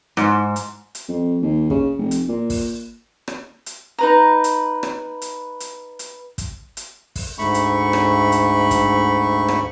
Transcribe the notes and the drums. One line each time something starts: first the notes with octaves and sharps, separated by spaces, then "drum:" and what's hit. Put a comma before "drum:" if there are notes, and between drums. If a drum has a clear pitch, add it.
G#2, drum: rim click
drum: hi-hat
drum: hi-hat
F2
D#2
C#3, drum: kick
F1
drum: hi-hat
A#2
drum: kick, open hi-hat
drum: rim click
drum: hi-hat
D#4 B4 A#5
drum: hi-hat
drum: rim click
drum: hi-hat
drum: hi-hat
drum: hi-hat
drum: kick, hi-hat
drum: hi-hat
drum: kick, open hi-hat
D2 G#2 A3 B5 C#6
drum: hi-hat
drum: rim click
drum: hi-hat
drum: kick, hi-hat
drum: rim click